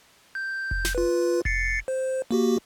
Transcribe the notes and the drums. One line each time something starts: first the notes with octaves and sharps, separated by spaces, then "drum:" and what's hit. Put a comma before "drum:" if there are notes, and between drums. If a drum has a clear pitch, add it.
G6
drum: kick F1
drum: snare
F4 B4
A6 C7 C#7, drum: kick F1
C5
A#3 F#4 G4